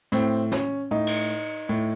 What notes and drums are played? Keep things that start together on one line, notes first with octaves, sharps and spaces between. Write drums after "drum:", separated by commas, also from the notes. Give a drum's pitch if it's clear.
A2 C4
C#4, drum: snare
A2 D#4
drum: cymbal
A2